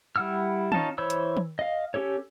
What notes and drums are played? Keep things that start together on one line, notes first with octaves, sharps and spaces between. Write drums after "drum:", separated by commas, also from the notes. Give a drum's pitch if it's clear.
G3 E4 F#5 E6 F6
C#4 D#4 F4 A5, drum: tom D#3
E3 C5 C#5 B5 E6
drum: hi-hat
drum: tom D#3
D#5 F5
C#4 G4 A4 C#5